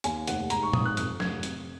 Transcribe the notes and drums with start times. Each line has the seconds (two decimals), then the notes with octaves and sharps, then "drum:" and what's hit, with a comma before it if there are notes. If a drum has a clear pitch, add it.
0.04 D#2 G#5, drum: hi-hat
0.27 F1 F#5, drum: hi-hat
0.50 G#2 A#5, drum: hi-hat
0.62 C#6
0.73 G#1 D#6, drum: tom A#2
0.85 F#6
0.97 F2 F#6, drum: hi-hat
1.20 F1 G#6, drum: snare
1.43 C3, drum: hi-hat